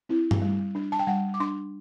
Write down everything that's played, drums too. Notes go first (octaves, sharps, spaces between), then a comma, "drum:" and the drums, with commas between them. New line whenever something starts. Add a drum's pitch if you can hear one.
C4 E4
drum: tom G2
G3
D4
A5
G5
G3 F#5
D6
D4 C6